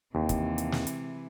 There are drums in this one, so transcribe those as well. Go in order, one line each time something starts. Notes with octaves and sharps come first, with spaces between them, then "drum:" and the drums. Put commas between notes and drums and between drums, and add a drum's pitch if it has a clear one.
D#2 C3 E3
drum: kick, hi-hat
drum: hi-hat
drum: snare
drum: hi-hat